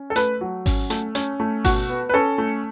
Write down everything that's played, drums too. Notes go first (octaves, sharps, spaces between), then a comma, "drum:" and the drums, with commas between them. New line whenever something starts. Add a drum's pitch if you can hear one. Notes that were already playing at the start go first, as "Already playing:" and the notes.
Already playing: C#4
A4
A3 B4, drum: hi-hat
F#3
C#4, drum: kick G#1, open hi-hat
A3, drum: hi-hat
C#4, drum: hi-hat
A3
B2 F#4, drum: kick G#1, open hi-hat
B3
B4
C#4 A4
A3